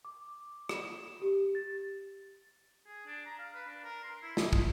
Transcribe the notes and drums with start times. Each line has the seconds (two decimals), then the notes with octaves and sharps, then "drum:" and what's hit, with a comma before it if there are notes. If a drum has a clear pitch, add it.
0.05 D6
0.69 E7, drum: rim click
1.22 G4
1.55 A6
2.86 G#4
3.06 D4
3.26 A#5
3.39 F5
3.54 B4
3.66 D4
3.84 A#4
4.03 C6
4.22 E4
4.37 D#5, drum: snare
4.53 C6, drum: kick